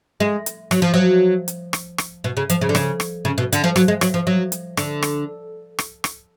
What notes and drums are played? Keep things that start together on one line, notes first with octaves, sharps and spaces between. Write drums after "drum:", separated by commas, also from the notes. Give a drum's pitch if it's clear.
G#3
drum: hi-hat
F#3, drum: rim click
F3
F#3
drum: hi-hat
drum: rim click
drum: rim click
B2
C#3
F3, drum: hi-hat
C#3
D3
C#3, drum: rim click
drum: rim click
C#3
B2
D3, drum: hi-hat
F3
F#3, drum: rim click
G#3
F#3, drum: rim click
F3
F#3
drum: hi-hat
D3, drum: rim click
drum: rim click
drum: rim click
drum: rim click